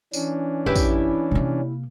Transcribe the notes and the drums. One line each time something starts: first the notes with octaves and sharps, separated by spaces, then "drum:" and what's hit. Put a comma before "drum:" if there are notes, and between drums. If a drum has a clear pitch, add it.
E3 C#4 D4, drum: tambourine
F#1 E4 G4 B4
drum: kick, tambourine
C3 A#3